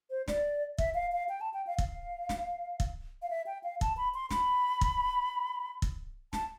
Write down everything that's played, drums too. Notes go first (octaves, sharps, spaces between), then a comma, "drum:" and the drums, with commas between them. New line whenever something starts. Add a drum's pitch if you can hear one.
C5
D5, drum: snare
E5, drum: kick
F5
F5
G5
A5
G5
F5
F5, drum: kick
drum: snare
drum: kick
F5
E5
G5
F5
A5, drum: kick
B5
C6
B5, drum: snare
drum: kick
drum: kick
A5, drum: snare